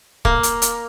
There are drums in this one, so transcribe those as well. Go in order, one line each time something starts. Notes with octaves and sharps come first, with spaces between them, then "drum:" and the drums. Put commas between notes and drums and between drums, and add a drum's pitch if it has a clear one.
A#3, drum: kick
drum: hi-hat
drum: hi-hat